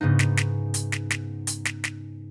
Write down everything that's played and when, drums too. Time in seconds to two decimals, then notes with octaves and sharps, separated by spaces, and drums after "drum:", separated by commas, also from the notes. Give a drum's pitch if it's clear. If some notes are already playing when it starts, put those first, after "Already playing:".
0.01 G#2 C#3 B3 D#4
0.19 drum: snare
0.37 drum: snare
0.74 drum: hi-hat
0.92 drum: snare
1.10 drum: snare
1.47 drum: hi-hat
1.65 drum: snare
1.84 drum: snare